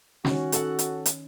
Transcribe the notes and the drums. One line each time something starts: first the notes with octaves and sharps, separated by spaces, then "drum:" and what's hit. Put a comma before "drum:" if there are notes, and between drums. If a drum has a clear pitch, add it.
D#3 C#4 F#4, drum: snare
A4 F#5, drum: hi-hat
drum: hi-hat
drum: hi-hat